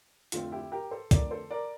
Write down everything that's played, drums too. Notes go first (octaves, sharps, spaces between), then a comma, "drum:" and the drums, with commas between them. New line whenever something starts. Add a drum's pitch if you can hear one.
F2 D3 A3 C4 F4, drum: hi-hat
E4 G4
G4 A#4
A4 C5
F2 D3 A3 C4 A#4 D5, drum: kick, hi-hat
A4 C5
A#4 D5